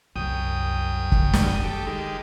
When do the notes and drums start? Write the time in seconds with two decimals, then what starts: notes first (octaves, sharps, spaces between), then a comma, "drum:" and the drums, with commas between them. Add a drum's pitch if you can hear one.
0.16 C2 F#2 G5 D#6
1.12 drum: kick
1.33 drum: snare
1.64 G4 A4
1.87 D#3 G#3 G4